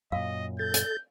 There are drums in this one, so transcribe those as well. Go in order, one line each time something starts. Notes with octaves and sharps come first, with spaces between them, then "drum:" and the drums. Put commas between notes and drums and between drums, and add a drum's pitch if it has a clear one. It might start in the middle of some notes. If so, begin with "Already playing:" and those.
F#2 A#2 D#5 F5
A4 G6 A6
drum: hi-hat